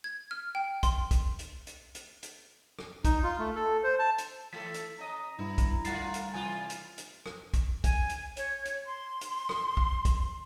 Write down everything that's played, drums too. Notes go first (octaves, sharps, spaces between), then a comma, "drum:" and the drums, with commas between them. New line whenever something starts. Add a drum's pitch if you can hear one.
G#6
F6
G5
C6, drum: kick, hi-hat
drum: kick, hi-hat
drum: hi-hat
drum: hi-hat
drum: hi-hat
drum: hi-hat
drum: rim click
D#4, drum: kick, hi-hat
F4
A3
A4
C5
A5
drum: hi-hat
E3 A3 A4 B6
drum: hi-hat
C#4 D#5 A#5
G2 B3 E4
drum: kick, hi-hat
D3 G3 A3 F4 F#5 A6 C7, drum: hi-hat
drum: hi-hat
C3 E3 F4 G#5
drum: hi-hat
drum: hi-hat
drum: rim click
drum: kick, hi-hat
G#5, drum: kick, hi-hat
drum: hi-hat
C#5, drum: hi-hat
drum: hi-hat
C6
drum: hi-hat
drum: rim click
drum: kick
drum: kick, hi-hat